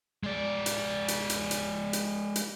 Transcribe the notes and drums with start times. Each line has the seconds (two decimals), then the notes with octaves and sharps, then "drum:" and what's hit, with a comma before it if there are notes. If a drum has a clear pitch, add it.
0.24 G#3 D5
0.66 drum: hi-hat
1.08 drum: hi-hat
1.30 drum: hi-hat
1.51 drum: hi-hat
1.93 drum: hi-hat
2.36 drum: hi-hat